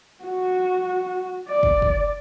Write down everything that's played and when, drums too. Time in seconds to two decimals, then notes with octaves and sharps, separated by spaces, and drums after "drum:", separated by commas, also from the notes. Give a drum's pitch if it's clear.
0.24 F#4
1.48 D5
1.63 drum: kick
1.82 drum: kick